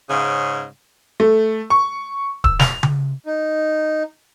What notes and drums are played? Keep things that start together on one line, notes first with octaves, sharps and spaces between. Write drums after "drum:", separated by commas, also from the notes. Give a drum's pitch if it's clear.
G#2 C#3
A3
C#6
E6, drum: kick D1
F7, drum: snare
drum: tom C#3
D#4